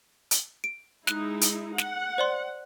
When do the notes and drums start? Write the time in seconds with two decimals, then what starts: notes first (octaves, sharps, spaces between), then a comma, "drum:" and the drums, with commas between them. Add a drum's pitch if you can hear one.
0.31 drum: hi-hat
0.64 D7
1.07 G#3 D#4 E4 F#6, drum: snare
1.41 drum: hi-hat
1.78 F#5, drum: snare
2.18 C5 D5 C6